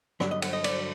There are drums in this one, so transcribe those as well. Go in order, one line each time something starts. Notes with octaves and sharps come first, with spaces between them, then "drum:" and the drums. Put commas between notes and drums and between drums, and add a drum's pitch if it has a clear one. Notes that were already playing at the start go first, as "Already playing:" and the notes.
G2 D3 F#3 D5, drum: rim click
D#5
F#5, drum: cymbal
D#5
D5, drum: cymbal